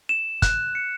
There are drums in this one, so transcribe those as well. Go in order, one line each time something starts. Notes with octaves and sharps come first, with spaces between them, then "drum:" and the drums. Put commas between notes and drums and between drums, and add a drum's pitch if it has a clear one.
E7
F#6, drum: kick G1, hi-hat
C#7